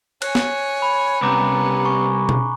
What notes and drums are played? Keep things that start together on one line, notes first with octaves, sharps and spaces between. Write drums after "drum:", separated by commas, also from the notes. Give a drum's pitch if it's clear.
C#5 G#5 F#6, drum: cymbal
drum: snare
B5
C2 B3 C#4 A#5 D6
G#5 C#6
drum: tom B2